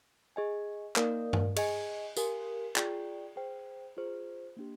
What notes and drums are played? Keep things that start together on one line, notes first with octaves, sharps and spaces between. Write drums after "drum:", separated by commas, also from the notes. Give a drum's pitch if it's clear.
G#4 D#5 G#5
A#3 D#4 A#4 D5 F5, drum: clap
drum: tom G2
G#4 D#5 G#5, drum: cymbal
G4 A#4 F5 G#5, drum: tambourine
F4 G#4 D5 G5, drum: clap
G#4 C5 G5
F4 G#4 C5
A#3 D4 G4